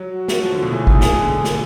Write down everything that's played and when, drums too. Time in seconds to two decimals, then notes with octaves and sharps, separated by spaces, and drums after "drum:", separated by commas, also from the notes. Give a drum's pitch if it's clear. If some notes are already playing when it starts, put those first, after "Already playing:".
Already playing: F#3
0.14 F#4
0.28 drum: snare
0.43 F3
0.52 D3
0.63 B2
0.71 A2 G#4
0.87 G#2, drum: kick
1.01 B2, drum: snare
1.20 D3
1.44 drum: snare